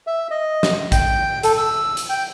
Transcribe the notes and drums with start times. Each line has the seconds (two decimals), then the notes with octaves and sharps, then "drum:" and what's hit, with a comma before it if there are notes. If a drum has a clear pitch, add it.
0.07 E5
0.31 D#5
0.63 drum: snare
0.92 G5, drum: kick, hi-hat
1.43 A4, drum: hi-hat
1.58 E6
1.97 drum: hi-hat
2.10 G5